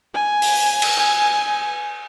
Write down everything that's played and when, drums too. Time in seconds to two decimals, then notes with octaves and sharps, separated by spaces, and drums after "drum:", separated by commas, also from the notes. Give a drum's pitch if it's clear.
0.14 G#5
0.42 drum: open hi-hat
0.55 drum: open hi-hat
0.82 drum: cymbal
0.98 G#5